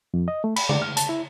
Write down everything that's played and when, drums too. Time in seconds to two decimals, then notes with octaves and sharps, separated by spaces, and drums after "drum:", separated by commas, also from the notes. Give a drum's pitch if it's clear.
0.14 F2
0.28 D#5
0.44 A3
0.56 B5, drum: cymbal
0.69 D5, drum: tom C#3
0.82 F6
0.97 A5, drum: hi-hat
1.09 E4